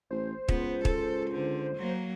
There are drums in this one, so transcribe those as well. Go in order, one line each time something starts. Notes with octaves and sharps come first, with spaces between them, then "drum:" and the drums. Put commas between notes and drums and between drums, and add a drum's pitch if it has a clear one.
A1 C5
C#2 B3, drum: kick
A4, drum: kick
D3
F#3 A#3